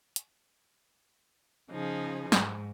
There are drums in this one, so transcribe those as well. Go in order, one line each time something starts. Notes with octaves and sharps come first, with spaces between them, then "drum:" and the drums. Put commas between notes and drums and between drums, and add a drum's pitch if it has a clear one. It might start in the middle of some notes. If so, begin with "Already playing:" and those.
drum: hi-hat
C#3 F3 D#4 G#4
G#2, drum: snare